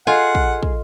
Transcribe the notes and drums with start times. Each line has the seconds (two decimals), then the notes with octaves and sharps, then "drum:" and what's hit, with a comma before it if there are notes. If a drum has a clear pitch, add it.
0.07 F4 G#4 A4 D#5 F#5
0.35 drum: kick
0.63 drum: kick